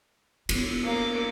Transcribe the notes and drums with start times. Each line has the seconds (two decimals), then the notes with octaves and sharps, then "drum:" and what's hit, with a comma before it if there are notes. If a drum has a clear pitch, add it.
0.49 B3 F4, drum: cymbal
0.84 A#3 D6